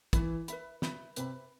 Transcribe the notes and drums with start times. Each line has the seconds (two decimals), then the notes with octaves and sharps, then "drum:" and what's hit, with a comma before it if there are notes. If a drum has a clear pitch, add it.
0.13 E3 B4 E5 B5, drum: kick, hi-hat
0.48 B4 E5 B5, drum: hi-hat
0.82 B4 E5 B5, drum: snare
1.16 C3 B4 E5 B5, drum: hi-hat